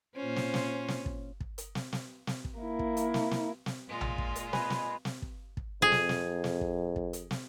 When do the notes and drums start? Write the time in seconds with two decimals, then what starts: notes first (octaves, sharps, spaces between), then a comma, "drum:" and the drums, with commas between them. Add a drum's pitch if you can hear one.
0.16 A#2 C#4 F4 C5
0.36 drum: snare
0.54 drum: snare
0.88 drum: snare
1.06 drum: kick
1.40 drum: kick
1.58 drum: hi-hat
1.75 drum: snare
1.93 drum: snare
2.27 drum: snare
2.45 drum: kick
2.58 A#3 E4
2.79 drum: kick
2.97 drum: hi-hat
3.14 drum: snare
3.31 drum: snare
3.66 drum: snare
3.89 A#2 G#3 F4
4.01 drum: tom A#1
4.18 drum: kick
4.36 drum: hi-hat
4.53 B4 D#5 G#5, drum: snare
4.70 drum: snare
5.05 drum: snare
5.22 drum: kick
5.57 drum: kick
5.82 F2 G#4
5.92 drum: snare
6.09 drum: snare
6.44 drum: snare
6.61 drum: kick
6.96 drum: kick
7.13 drum: hi-hat
7.31 drum: snare